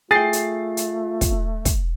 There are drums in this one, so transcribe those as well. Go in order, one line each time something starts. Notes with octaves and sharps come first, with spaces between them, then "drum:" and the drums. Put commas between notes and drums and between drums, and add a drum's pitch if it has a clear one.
A3 F4 G#4 G5 A6 C7
drum: hi-hat
drum: hi-hat
drum: kick, hi-hat
drum: kick, hi-hat